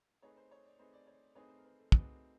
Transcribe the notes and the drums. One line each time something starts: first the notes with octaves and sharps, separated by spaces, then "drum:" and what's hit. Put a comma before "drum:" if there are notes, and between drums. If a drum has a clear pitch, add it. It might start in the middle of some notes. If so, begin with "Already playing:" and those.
A3 C4 D#4 G#4 B4 C#5
C5
C#5
D5
A3 C4 D#4 G#4 B4 C5
D5
C#5
A3 C4 D#4 G#4 B4 C#5
C5
A#4
B4
A4
A3 C4 D#4 F#4 G#4 B4, drum: kick